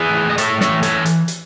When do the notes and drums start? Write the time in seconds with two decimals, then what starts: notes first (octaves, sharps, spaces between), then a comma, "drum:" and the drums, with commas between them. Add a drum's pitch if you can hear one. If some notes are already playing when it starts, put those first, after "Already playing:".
Already playing: E3 G#4 B4
0.09 A2
0.30 D#5
0.38 A2 A4 C#5, drum: hi-hat
0.61 A4 C#5, drum: snare
0.69 E3
0.83 A4 C#5, drum: hi-hat
1.05 drum: hi-hat
1.28 drum: hi-hat